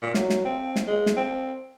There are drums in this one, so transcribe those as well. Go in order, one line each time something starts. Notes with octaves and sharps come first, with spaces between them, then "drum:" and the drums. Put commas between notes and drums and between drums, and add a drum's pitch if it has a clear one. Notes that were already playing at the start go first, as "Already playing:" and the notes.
A#2
F#3, drum: snare
drum: snare
C4
drum: snare
G#3
drum: snare
C4